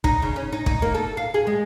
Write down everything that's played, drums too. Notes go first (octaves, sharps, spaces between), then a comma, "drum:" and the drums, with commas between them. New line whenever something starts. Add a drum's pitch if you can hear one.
D#4, drum: kick
C#3
C#4
D#4
D#4, drum: kick
A#3
A4
F5
G#4
G#3